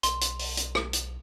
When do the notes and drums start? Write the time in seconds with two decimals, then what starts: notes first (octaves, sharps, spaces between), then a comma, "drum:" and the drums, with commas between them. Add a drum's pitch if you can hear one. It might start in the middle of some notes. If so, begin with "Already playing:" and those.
0.03 B1 C6, drum: hi-hat
0.21 drum: hi-hat
0.39 drum: open hi-hat
0.57 drum: hi-hat
0.75 drum: rim click
0.93 drum: hi-hat